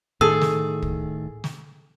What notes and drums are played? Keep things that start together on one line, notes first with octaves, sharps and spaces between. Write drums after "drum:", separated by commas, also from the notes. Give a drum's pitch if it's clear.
A2 D#3 G#4 A4 E6
drum: snare
drum: kick
drum: snare